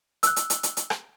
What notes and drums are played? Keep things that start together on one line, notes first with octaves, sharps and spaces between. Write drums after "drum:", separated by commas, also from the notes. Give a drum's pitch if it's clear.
E6 F#6, drum: hi-hat
drum: hi-hat
drum: hi-hat
drum: hi-hat
drum: hi-hat
drum: rim click